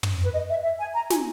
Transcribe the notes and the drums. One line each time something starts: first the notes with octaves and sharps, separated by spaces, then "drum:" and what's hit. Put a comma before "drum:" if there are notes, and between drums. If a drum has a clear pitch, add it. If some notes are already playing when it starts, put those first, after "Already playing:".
drum: tom
B4
D#5
E5
E5
G#5
A#5
G#5, drum: snare